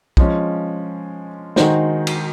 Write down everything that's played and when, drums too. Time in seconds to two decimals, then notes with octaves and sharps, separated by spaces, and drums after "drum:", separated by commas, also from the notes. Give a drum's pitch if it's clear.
0.17 F3 G#3 C#4, drum: kick
1.56 D#3 G#3 D#4 F#4 C5, drum: snare
2.07 drum: cymbal